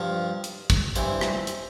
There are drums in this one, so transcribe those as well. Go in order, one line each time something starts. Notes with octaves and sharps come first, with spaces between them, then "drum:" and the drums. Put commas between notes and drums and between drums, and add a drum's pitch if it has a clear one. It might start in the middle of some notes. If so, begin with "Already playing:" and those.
Already playing: G2 F3
drum: hi-hat
drum: kick, hi-hat
G2 E3 C5, drum: hi-hat
drum: rim click
drum: hi-hat